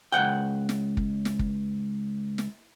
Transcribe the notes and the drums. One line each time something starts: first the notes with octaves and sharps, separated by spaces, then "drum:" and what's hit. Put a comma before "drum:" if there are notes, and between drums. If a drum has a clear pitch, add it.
C#2 G#2 F#5 G5
drum: snare
drum: kick
drum: snare
drum: kick
drum: snare